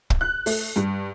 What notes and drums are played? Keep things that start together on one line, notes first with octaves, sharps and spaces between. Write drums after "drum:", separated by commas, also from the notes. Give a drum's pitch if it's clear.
drum: kick
F#6
A3, drum: open hi-hat
G2